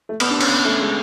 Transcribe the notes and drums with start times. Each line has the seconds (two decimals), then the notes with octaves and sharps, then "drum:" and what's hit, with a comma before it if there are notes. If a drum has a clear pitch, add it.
0.09 A3
0.20 B3, drum: cymbal
0.30 D4
0.41 C#4, drum: cymbal
0.51 B3
0.65 A3
0.79 G#3